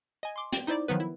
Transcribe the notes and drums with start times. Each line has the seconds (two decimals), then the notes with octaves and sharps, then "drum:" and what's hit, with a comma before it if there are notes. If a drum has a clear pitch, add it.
0.23 D#5 G#5
0.36 C6 D6
0.52 G5, drum: hi-hat
0.67 D#4 E4 C5 D5 D6
0.88 D#3 F3 F#3 B3 B4
1.00 E4